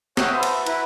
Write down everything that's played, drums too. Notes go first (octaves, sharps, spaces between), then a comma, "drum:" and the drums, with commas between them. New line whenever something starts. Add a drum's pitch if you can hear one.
F#4 C#5 D#5 E5 F#5 G5, drum: snare
B4 C5 E5 A5
drum: cymbal
E4 B4 A#5, drum: cymbal